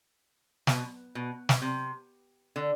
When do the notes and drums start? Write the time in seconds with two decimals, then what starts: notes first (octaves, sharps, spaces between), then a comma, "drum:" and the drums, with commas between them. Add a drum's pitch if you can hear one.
0.67 B2, drum: snare
1.15 B2
1.49 drum: snare
1.62 C3
2.56 D3